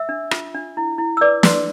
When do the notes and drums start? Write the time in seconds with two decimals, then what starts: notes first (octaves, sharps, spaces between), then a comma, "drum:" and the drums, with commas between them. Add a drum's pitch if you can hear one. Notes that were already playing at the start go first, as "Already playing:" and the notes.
Already playing: E5 E6
0.09 D4
0.31 F4, drum: rim click
0.55 D4
0.77 E4
0.98 E4
1.17 E6
1.21 B4 D5 D6
1.43 B4 C5 C6, drum: snare